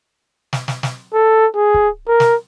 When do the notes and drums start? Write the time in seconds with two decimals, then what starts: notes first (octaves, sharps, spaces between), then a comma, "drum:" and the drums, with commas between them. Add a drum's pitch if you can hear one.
0.53 drum: snare
0.68 drum: snare
0.83 drum: snare
1.13 A4
1.55 G#4
1.74 drum: kick
2.08 A#4
2.20 drum: snare